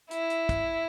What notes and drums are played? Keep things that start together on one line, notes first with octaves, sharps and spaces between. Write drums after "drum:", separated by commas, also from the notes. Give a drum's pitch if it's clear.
E4, drum: hi-hat
drum: hi-hat
drum: kick, hi-hat